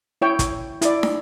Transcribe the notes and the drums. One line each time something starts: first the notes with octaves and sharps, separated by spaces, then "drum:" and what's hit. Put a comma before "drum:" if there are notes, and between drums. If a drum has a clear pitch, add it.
E4 C#5 G5
drum: kick, hi-hat
E4 D5, drum: hi-hat
drum: snare